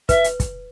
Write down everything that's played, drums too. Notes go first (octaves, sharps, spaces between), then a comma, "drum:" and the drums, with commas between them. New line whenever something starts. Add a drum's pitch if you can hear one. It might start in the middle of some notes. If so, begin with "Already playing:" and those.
B4 E5, drum: kick, hi-hat
drum: hi-hat
drum: kick, hi-hat